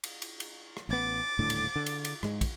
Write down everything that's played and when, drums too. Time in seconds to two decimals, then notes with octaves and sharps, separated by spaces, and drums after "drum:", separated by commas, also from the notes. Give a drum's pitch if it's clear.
0.04 drum: cymbal
0.22 drum: cymbal
0.40 drum: cymbal
0.77 drum: rim click
0.89 A1 B3 D6 A6
1.39 D#1 A2 D3
1.50 drum: cymbal
1.76 D3
1.86 drum: cymbal
2.05 drum: cymbal
2.23 G#2 G#3, drum: rim click
2.41 drum: kick, cymbal